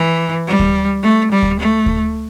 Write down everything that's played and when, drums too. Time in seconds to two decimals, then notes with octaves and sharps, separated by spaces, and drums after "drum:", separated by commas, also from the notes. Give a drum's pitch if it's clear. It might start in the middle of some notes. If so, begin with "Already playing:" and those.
Already playing: E3
0.47 G3
0.59 drum: kick D2
1.03 A3
1.32 G3
1.42 drum: kick D2
1.60 A3
1.86 drum: kick D2